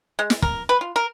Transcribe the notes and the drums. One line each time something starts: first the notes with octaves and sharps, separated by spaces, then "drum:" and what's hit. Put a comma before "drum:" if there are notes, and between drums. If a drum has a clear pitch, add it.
G#3
drum: snare
A#4, drum: kick
B4
F4
A#4